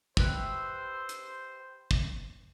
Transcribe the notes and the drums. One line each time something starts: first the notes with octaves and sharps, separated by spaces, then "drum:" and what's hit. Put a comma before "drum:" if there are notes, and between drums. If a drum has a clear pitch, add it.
G4 B4 C5 E5, drum: kick
drum: hi-hat
drum: kick